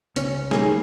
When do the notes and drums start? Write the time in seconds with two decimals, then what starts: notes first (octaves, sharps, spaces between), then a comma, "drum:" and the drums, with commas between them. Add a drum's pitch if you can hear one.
0.16 C#2 C#4, drum: hi-hat
0.51 D#3 G3 A3 A#3 C#4 G#4, drum: snare